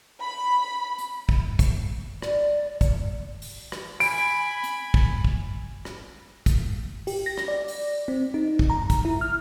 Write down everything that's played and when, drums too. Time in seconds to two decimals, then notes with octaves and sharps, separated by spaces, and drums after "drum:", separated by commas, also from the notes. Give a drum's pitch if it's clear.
0.21 B5
0.98 drum: hi-hat
1.29 drum: kick
1.59 drum: kick, hi-hat
2.22 D5, drum: rim click
2.81 drum: kick, hi-hat
3.42 drum: open hi-hat
3.72 drum: rim click
4.00 G#5 B5 D7, drum: open hi-hat
4.64 drum: hi-hat
4.94 drum: kick
5.24 drum: kick
5.85 drum: rim click
6.46 drum: kick, hi-hat
7.07 G4, drum: open hi-hat
7.26 A#6
7.38 drum: rim click
7.48 D5
7.68 drum: open hi-hat
8.08 C4
8.34 D#4
8.59 drum: kick
8.70 A#5
8.90 drum: kick, hi-hat
9.05 E4
9.21 F6